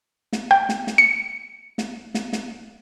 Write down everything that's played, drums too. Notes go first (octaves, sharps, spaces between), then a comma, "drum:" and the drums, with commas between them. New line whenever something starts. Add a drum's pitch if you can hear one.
drum: snare
G5
drum: snare
drum: snare
C#7
drum: snare
drum: snare
drum: snare